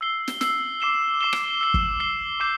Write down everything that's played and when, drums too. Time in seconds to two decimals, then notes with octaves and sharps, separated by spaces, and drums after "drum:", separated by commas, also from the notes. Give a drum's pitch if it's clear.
0.01 E6 C7 G7
0.28 drum: snare
0.41 E6 C7 G7, drum: snare
0.80 D6 C7 E7 G7
1.21 D6 C7 E7 G7
1.33 drum: rim click
1.61 E6 C7 G7
1.74 drum: kick
2.00 E6 C7 G7
2.40 D6 G6 C7 E7 G7